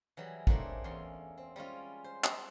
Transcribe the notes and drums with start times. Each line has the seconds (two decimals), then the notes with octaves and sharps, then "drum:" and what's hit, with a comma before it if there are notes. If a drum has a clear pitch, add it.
0.17 E3 F#3 G3 G#4
0.47 A3 A#3 C4 D4 D#4 G#4, drum: kick
0.84 E2 C#4 C6
1.38 C4
1.56 G3 G#3 C#4 F4
2.04 C5
2.24 drum: clap